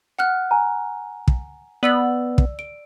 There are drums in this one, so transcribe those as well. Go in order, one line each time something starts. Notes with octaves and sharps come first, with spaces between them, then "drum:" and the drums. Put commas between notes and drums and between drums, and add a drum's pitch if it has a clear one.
F#5 F6 F#6
G#5 A#5
drum: kick
B3 D5 E6 F#7
drum: kick
D7